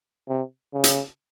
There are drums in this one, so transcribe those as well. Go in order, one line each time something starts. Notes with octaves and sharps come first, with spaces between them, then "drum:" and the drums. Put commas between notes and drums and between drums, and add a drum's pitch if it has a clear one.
C3
C#3
drum: hi-hat